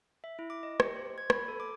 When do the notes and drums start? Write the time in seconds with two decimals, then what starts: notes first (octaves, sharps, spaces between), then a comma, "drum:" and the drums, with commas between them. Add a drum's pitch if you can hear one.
0.24 E5
0.39 E4
0.50 D6
0.63 D#5
0.80 G4, drum: rim click
0.95 C5
1.18 G#6
1.30 B5, drum: rim click
1.48 A4
1.60 D6